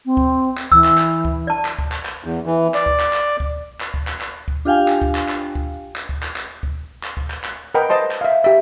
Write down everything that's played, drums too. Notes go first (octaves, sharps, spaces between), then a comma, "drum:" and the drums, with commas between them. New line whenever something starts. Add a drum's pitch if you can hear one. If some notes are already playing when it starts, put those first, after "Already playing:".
C4
drum: kick
drum: clap
E3 E6, drum: kick
drum: clap
drum: clap
drum: kick
D5 A5
drum: clap
drum: kick
drum: clap
drum: clap
E2
E3
D5, drum: clap
drum: kick
drum: clap
drum: clap
drum: kick
drum: clap
drum: kick
drum: clap
drum: clap
drum: kick
D4 F4 G4 F5 G5 G#5
drum: clap
drum: kick
drum: clap
drum: clap
drum: kick
drum: clap
drum: kick
drum: clap
drum: clap
drum: kick
drum: clap
drum: kick
drum: clap
drum: clap
A#4 B4 D#5 F#5 G5 B5
C5 D#5 A5 C6
drum: clap
E5 F5
G4 E5